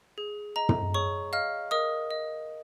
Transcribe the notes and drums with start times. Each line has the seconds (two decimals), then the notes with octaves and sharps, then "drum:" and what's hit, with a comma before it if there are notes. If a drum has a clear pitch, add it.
0.18 G#4
0.56 D#5 A#5
0.69 drum: tom
0.94 G#4 C#5 C#6
1.33 D#5 F5 F6
1.71 A#4 D#5 D#6
2.11 D#5